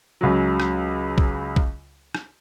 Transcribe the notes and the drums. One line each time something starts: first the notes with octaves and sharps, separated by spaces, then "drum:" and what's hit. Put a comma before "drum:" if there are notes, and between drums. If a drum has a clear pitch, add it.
C#2 C#3 F#3
drum: rim click
drum: kick
drum: kick
drum: rim click